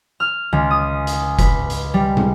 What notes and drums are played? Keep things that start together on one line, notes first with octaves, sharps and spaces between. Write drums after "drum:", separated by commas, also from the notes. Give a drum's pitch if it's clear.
F6
C#2
D#6
drum: hi-hat
B4, drum: kick F1, hi-hat
drum: hi-hat
G3
drum: tom